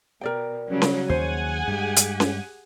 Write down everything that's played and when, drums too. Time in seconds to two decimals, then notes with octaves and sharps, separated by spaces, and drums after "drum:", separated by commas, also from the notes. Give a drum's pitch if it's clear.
0.21 B2 A#4 D5 G5
0.68 C#3 F#3 G3 C#4
0.82 drum: snare C#4
1.09 D#2 F#3 G#4 C5 C#5 F#5 G#5
1.67 G2 G#3 G4
1.96 drum: hi-hat
2.20 drum: snare C#4